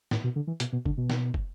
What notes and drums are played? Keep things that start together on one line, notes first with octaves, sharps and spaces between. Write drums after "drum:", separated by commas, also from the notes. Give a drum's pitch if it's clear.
A2, drum: snare
B2
D3
E3
B2, drum: hi-hat
B2
D3, drum: kick
B2
drum: snare
drum: kick